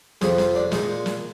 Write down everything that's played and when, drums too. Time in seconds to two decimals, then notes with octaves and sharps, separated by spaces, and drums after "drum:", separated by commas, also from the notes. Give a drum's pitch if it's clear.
0.21 F2 C3 F3 G#4, drum: snare
0.38 F4, drum: snare
0.55 D4
0.72 A#2 G#3 D#4, drum: snare
1.06 drum: snare